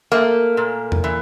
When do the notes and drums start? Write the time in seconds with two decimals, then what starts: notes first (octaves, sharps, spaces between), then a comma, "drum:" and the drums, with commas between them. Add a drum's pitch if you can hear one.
0.12 A3 A#3
0.57 A#2
0.92 drum: tom E2
1.04 E3